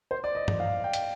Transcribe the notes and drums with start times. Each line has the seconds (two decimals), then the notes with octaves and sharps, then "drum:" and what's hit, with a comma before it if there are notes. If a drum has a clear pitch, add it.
0.11 C5
0.24 D5
0.35 D#5
0.48 D#5, drum: tom G2
0.60 F5
0.84 G5
0.94 drum: hi-hat